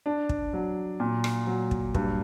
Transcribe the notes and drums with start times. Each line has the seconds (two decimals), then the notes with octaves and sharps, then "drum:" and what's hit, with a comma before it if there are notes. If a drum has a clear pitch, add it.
0.06 D4
0.29 drum: kick
0.53 F#3
1.00 A#2
1.24 drum: rim click
1.47 F#3
1.71 drum: kick
1.95 G2, drum: kick